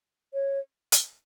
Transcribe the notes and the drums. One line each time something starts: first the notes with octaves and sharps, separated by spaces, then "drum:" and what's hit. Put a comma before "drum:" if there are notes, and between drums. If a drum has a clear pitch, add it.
C#5
drum: hi-hat